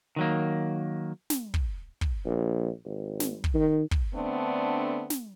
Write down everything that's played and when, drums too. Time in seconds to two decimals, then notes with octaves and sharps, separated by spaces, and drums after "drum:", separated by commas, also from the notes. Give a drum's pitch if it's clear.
0.16 D#3 F#3 A#3
1.30 drum: snare
1.54 drum: kick
2.01 drum: kick
2.26 A#1
2.86 G#1
3.20 drum: snare
3.44 drum: kick
3.55 D#3
3.91 drum: kick
4.15 D3 A3 B3 C4 D4
5.10 drum: snare